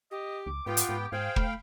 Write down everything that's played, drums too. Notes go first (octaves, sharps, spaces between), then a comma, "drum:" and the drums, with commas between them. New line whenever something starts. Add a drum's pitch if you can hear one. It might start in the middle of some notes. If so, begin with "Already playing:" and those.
G4 D#5
C#2 D6
G#2 B3 F4 G4 G5
drum: hi-hat
G#2
G#2 G#4 C5 F5 G5
A3 B5, drum: kick